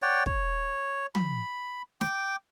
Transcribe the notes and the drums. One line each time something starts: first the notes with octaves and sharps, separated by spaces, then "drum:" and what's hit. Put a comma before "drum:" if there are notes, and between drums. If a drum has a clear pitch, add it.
C#5 D5 F#5 G5
C#5, drum: kick
B5, drum: tom
G5 D6, drum: snare